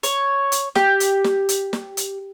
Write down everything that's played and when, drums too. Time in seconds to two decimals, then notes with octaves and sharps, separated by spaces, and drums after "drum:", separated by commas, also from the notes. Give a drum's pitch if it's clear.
0.03 C#5, drum: hi-hat
0.52 drum: hi-hat
0.75 G4, drum: snare
1.00 drum: hi-hat
1.24 drum: snare
1.49 drum: hi-hat
1.73 drum: snare
1.97 drum: hi-hat